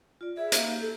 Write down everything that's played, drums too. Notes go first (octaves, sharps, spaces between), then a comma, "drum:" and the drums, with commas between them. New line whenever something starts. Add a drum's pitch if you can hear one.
F4 D5
G#4 E5
A#3 D#4 F5, drum: hi-hat
G4
A4